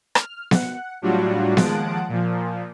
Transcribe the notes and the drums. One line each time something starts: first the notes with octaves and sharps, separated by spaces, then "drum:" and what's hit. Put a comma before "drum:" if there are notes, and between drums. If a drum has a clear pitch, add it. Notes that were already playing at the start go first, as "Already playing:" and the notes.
F6, drum: rim click
F#5, drum: snare B3
A2 F#3 G3 D4 F4 F#4
D#2 F3 G#3 F#5 A5 D7, drum: snare B3
A#2 F3